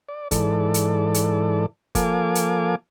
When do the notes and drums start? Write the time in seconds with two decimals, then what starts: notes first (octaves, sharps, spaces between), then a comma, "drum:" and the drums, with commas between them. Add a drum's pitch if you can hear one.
0.08 D5
0.31 G#2 E3 A4 D5, drum: kick, hi-hat
0.74 drum: hi-hat
1.14 drum: hi-hat
1.95 F3 A#3 A4 F5 G#5 D6, drum: kick, hi-hat
2.35 drum: hi-hat